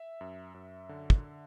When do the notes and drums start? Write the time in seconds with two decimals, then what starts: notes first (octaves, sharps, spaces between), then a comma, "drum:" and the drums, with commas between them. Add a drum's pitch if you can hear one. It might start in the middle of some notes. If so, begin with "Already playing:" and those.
Already playing: E5
0.21 F#2
0.54 F#2
0.89 D3
1.10 drum: kick